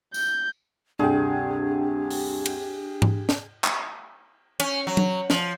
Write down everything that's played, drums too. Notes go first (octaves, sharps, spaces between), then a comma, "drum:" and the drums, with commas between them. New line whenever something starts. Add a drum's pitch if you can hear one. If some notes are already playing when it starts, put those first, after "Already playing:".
G6, drum: tambourine
D2 G2 C3 D4 G4 G#4 G5
drum: open hi-hat
drum: cymbal
drum: tom G#2
drum: snare
drum: clap
C#4, drum: cymbal
F#3
drum: tom F#3
F3, drum: snare